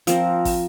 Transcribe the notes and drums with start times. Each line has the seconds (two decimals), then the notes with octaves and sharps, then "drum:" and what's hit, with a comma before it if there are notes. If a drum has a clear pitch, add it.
0.07 F3 C4 A#4, drum: hi-hat
0.45 drum: kick, open hi-hat